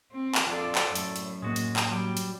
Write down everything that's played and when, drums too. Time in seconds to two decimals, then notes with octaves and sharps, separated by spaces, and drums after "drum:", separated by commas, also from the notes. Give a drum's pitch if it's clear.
0.13 C4
0.35 drum: clap
0.47 F2 D4 F4 A4 D5
0.75 drum: clap
0.95 F#2 A2 A3, drum: hi-hat
1.16 drum: hi-hat
1.42 A2 G#3 A#3 F#4
1.56 drum: hi-hat
1.76 drum: clap
1.91 F#3 G3 G5
2.17 drum: hi-hat